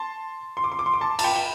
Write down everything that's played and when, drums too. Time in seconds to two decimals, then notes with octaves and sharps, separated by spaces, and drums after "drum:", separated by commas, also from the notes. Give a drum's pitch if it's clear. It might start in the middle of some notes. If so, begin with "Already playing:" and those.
Already playing: A5 C6
0.57 C6
0.64 D6
0.72 C6
0.79 D6
0.86 C6
0.94 D6
1.01 A5 C6
1.19 A5, drum: cymbal
1.24 G5 B5
1.36 G5